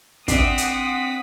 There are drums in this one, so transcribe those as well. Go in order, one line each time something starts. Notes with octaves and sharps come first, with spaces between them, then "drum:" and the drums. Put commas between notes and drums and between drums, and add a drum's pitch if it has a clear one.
C4 D4 D5 E5 F#5 D#6 B6, drum: kick, hi-hat
drum: hi-hat